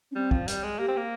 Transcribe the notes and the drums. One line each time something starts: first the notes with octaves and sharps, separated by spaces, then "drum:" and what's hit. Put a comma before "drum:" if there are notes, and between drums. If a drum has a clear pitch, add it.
C#4
G3 C4
F3, drum: kick
G3, drum: hi-hat
G#3
A#3 G4
C4
A#3